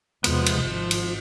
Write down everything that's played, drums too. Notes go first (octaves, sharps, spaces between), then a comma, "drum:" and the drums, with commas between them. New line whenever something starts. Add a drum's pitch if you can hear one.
E2 C3 F3 G#3 B3, drum: cymbal
drum: cymbal
G#1 F3
drum: cymbal